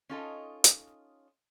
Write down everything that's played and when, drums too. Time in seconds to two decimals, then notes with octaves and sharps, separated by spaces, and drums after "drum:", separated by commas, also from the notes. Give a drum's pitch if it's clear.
0.09 C#4 D#4 F4 A4 C#5 D#5
0.64 drum: hi-hat